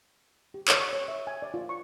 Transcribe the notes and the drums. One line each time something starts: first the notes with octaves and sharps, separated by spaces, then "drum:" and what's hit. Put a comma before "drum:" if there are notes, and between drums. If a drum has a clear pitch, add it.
G4
C#5, drum: clap
C#6
C#5
E5
G#5
D5
F4
C#6